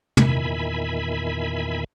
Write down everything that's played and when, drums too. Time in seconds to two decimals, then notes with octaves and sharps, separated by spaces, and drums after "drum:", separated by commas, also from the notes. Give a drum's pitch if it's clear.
0.17 E2 A#2 D#3 E5 G#5 B5, drum: tom